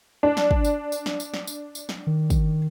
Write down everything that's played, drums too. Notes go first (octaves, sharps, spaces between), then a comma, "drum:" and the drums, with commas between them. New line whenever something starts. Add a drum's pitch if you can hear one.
D4
drum: snare
drum: kick
drum: tambourine
drum: tambourine
drum: snare
drum: tambourine
drum: snare
drum: tambourine
drum: tambourine
drum: snare
D#3
drum: kick, tambourine